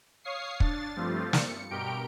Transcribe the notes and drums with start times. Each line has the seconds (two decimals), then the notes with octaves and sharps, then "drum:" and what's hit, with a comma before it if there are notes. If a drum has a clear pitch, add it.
0.24 C#5 F5 C#6 D#6 C7
0.60 D4 A6, drum: kick
0.96 G2 F3 G3 A3 C4 F4
1.33 C#7, drum: snare
1.70 G2 B2 G4 A#4 G5 D7